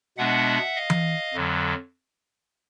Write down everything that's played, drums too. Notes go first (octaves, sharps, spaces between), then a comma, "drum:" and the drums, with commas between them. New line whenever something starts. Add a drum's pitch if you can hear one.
B2 G#3 B3 D4 E5 F#5
D#5 F5
drum: tom E3
F2 D3 F#3